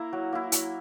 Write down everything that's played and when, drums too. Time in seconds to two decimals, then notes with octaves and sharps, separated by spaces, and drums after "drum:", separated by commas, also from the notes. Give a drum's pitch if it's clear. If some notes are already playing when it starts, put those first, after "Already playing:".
Already playing: A#3 E4 A#5
0.13 F#3
0.32 A#3 E4
0.52 F#3, drum: hi-hat